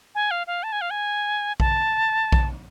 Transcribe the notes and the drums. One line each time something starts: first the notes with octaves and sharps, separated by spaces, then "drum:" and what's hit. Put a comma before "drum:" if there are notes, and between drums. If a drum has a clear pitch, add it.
G#5
F5
F5
A5
G#5
F5
G#5
A5, drum: kick A#1
drum: kick A#1